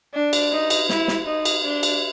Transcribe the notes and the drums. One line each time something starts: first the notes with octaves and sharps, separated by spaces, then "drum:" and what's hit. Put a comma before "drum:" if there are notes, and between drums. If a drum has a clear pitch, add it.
D4
drum: cymbal
D#4
drum: cymbal
E4, drum: snare
drum: snare
D#4
drum: cymbal
D4
drum: cymbal